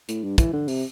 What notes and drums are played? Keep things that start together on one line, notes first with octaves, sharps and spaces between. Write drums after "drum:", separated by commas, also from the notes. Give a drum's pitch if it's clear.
A2, drum: hi-hat
G2
E3, drum: kick, hi-hat
D3
C3, drum: open hi-hat